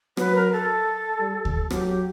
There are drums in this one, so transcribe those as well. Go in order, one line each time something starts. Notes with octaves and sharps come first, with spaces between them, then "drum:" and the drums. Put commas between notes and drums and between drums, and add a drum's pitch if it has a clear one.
F#3 B4, drum: rim click
A#4
A4
G3
drum: kick D2
F#3 G4, drum: rim click
G4